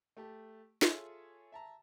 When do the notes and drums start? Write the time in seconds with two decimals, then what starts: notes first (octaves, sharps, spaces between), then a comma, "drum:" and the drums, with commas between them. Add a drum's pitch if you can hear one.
0.17 A3 G4 A5
0.82 F4 G#4 A4 C#5 E5, drum: snare
1.52 E5 A5 A#5